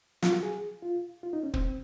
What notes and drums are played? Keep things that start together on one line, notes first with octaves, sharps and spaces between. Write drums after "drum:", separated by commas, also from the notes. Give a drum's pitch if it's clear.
F4, drum: snare
F#4
G#4
F4
F4
D#4
C#4
C4, drum: kick